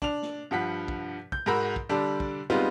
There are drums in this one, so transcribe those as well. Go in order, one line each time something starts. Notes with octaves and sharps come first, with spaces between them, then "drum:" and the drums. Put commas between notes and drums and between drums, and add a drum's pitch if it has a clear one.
D4 F7, drum: kick
drum: snare
G2 F3 F#5 B6
drum: kick
G6, drum: kick
G#2 F#4 A#4 A#5 B5 E6
drum: kick
D3 G3 D4 A4
drum: kick
G3 G#3 B3 C4 D#4 F4